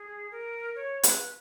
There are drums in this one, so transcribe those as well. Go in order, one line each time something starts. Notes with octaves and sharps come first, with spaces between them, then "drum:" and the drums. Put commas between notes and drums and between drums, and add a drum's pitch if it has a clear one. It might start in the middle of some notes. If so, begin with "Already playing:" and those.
Already playing: G#4
A#4
C#5
B4, drum: hi-hat